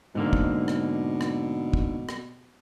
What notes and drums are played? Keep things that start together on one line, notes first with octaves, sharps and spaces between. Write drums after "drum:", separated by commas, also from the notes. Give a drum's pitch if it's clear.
G#2 B2 D3 A#3
drum: kick
drum: rim click
drum: rim click
drum: kick
drum: rim click